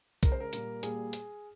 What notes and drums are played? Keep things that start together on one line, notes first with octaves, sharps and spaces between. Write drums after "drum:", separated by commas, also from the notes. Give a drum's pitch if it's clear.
C#3 G#3 A#4, drum: kick B1, hi-hat
C5
A#4
A#2 G3 A#3, drum: hi-hat
A#2 G3 A#3 G#4, drum: hi-hat
drum: hi-hat